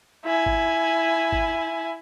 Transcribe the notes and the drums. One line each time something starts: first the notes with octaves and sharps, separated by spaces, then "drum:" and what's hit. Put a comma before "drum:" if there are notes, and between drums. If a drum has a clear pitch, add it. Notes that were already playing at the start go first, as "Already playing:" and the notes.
E4 G#5
drum: kick
drum: kick